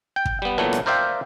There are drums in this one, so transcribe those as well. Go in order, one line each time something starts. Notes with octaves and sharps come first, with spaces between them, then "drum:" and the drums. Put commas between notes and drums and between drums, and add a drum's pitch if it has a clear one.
G5
drum: kick
G3 B3
A#2 E3 F#3 A3 B3 D4
drum: rim click
A#4 C5 D5 E5 F5 G5